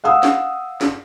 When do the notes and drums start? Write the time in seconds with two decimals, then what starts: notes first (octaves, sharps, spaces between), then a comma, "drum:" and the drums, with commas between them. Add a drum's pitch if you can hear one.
0.04 F5 F#5 D#6 E6
0.23 drum: snare
0.81 drum: snare